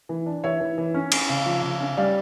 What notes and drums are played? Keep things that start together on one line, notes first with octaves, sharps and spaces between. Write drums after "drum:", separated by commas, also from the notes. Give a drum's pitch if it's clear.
E3
D4
E3 C#5 E5
E3
E3
C#4
C#4, drum: cymbal
C#3
F3
C#3
C#4
G3 D5 F5